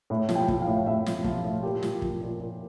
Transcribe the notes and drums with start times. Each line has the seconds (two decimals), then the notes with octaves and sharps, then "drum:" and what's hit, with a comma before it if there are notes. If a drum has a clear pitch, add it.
0.10 A2
0.29 F3, drum: snare
0.35 G5
0.48 F3, drum: kick
0.62 F5
0.67 A2
0.86 A2 E5
1.06 F3, drum: snare
1.24 F3 F4, drum: kick
1.45 A2
1.63 A#2 G4
1.83 F3, drum: snare
2.02 F3, drum: kick
2.21 A#2
2.40 A#2